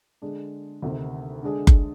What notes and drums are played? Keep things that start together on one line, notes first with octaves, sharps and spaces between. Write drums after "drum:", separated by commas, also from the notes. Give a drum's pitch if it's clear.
D3 G#3 D4
D2 C3 D#3
D3 G#3 D4 G#4
drum: kick F#1